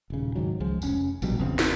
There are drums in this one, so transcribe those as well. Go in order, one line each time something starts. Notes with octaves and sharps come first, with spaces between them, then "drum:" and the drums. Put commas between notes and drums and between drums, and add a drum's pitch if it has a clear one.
D#1 C#3
G#2 D#3 F#3
C#2 F3 G#3
F1 C#4, drum: tambourine
A#1 B2 F#3 G3, drum: tambourine
G1 E2 C#3 C4
drum: snare